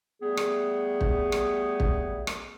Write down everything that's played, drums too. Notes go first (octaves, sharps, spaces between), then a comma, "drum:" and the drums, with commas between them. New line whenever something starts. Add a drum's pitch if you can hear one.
G3 A3 B3 G#4
drum: rim click
drum: kick
drum: rim click
drum: kick
drum: rim click